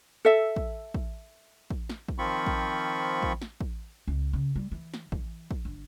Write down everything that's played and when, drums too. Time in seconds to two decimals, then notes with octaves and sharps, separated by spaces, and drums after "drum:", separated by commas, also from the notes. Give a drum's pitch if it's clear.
0.25 A4 E5
0.56 drum: kick
0.94 drum: kick
1.70 drum: kick
1.89 drum: snare
2.08 drum: kick
2.18 D#3 F3 C4 F4 B5 C#6
2.47 drum: kick
3.23 drum: kick
3.42 drum: snare
3.61 drum: kick
4.07 C#2
4.33 C#3
4.56 G3
4.72 E3
4.94 drum: snare
5.12 E3, drum: kick
5.51 drum: kick
5.65 G1